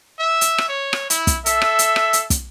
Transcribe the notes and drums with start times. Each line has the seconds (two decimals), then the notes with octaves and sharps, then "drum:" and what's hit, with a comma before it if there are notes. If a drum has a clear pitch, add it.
0.19 E5
0.41 drum: hi-hat
0.58 drum: rim click
0.69 C#5
0.93 drum: rim click
1.10 E4, drum: hi-hat
1.27 drum: kick, hi-hat
1.46 A4 E5, drum: hi-hat
1.62 drum: rim click
1.79 drum: hi-hat
1.96 drum: rim click
2.13 drum: hi-hat
2.30 drum: kick, hi-hat